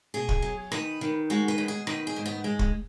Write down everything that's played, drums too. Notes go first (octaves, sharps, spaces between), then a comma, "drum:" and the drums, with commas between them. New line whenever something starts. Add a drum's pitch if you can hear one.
B2 G#4
drum: kick
F#3
D#3 B4, drum: rim click
D#3
G#3 F#4
B4
B2
G#4
D#3 B4, drum: rim click
G#4
G#2
B3
G#3
drum: kick